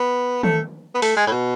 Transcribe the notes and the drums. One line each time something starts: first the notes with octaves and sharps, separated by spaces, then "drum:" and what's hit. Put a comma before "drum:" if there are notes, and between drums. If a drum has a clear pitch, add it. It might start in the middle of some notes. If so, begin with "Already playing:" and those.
Already playing: B3
A3, drum: tom D#3
B3
A3, drum: open hi-hat
G#3
A2
B2